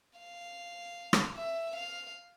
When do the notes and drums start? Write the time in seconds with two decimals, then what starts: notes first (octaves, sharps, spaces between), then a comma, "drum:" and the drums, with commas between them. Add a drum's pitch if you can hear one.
0.19 F5
1.13 drum: rim click
1.36 E5
1.75 F5